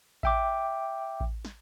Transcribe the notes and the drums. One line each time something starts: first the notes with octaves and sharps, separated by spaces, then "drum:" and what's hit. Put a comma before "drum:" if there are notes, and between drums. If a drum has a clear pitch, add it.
E5 G5 D6, drum: kick A1
drum: kick A1
drum: snare